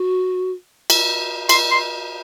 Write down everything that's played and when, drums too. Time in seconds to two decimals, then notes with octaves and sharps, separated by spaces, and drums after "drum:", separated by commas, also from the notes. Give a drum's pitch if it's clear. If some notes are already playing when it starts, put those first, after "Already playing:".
Already playing: F#4
0.90 drum: cymbal
1.49 C6, drum: cymbal
1.71 C6